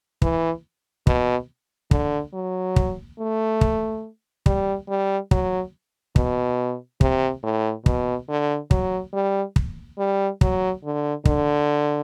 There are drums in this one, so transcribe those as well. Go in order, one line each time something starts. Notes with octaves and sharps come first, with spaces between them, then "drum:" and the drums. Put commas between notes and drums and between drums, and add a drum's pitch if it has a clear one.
E3, drum: kick
B2, drum: kick
D3, drum: kick
F#3
drum: kick
A3
drum: kick
G3, drum: kick
G3
F#3, drum: kick
B2, drum: kick
C3, drum: kick
A2
B2, drum: kick
D3
F#3, drum: kick
G3
drum: kick
G3
F#3, drum: kick
D3
D3, drum: kick